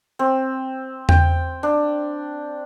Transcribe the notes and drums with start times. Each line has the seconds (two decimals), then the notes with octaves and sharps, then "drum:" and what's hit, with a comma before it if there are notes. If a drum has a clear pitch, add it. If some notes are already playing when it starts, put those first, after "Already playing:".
0.19 C4
1.09 G5, drum: tom E2
1.63 D4